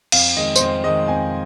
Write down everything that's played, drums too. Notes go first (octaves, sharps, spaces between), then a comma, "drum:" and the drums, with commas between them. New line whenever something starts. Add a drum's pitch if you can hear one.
F2 F5, drum: cymbal
D#3 G#3 D#5
C5, drum: tambourine
F2 D#5
D#3 G#3 D#5
F2 G#5